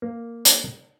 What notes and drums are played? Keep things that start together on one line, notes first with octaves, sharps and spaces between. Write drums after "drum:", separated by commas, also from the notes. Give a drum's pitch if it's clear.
A#3
drum: hi-hat